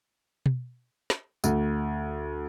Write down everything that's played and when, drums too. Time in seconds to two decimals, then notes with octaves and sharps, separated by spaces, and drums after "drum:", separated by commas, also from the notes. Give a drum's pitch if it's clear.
0.46 drum: tom B2
1.10 drum: snare
1.44 D2, drum: tambourine